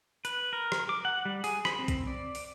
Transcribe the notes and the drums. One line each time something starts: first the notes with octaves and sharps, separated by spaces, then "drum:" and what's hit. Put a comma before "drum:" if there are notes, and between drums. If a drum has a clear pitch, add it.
B4, drum: hi-hat
A#4
drum: rim click
D6
F#5
G3
G#4, drum: open hi-hat
B5, drum: rim click
C4
drum: kick B1, hi-hat
D5
drum: open hi-hat